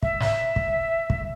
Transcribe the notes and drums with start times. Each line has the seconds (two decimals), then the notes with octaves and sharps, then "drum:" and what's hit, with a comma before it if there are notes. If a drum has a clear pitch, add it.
0.03 E5, drum: kick
0.20 drum: snare
0.56 drum: kick
1.10 drum: kick